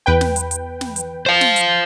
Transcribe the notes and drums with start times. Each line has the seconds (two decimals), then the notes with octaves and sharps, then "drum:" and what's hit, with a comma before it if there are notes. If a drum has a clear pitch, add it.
0.06 E2 B4 G5
0.21 drum: snare
0.36 drum: hi-hat
0.51 drum: hi-hat
0.81 drum: snare
0.96 drum: hi-hat
1.26 C5 F5
1.41 drum: snare
1.56 drum: hi-hat